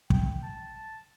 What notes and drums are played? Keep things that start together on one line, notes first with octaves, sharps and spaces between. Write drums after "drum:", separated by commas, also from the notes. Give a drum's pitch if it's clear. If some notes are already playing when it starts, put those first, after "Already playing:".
G5, drum: kick
A5